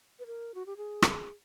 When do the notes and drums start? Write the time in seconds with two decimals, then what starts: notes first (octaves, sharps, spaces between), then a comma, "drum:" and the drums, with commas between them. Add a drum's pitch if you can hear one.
0.19 B4
0.27 A#4
0.55 F#4
0.66 G4
0.77 G#4
1.02 drum: rim click